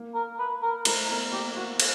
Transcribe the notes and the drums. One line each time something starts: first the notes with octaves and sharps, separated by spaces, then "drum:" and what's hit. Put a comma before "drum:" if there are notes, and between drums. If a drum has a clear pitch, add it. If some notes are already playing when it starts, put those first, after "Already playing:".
Already playing: A#3
A#4
B4
A#4
A3 A#4, drum: cymbal
B3 A#4
A#3 G4
A#3 F#4
drum: cymbal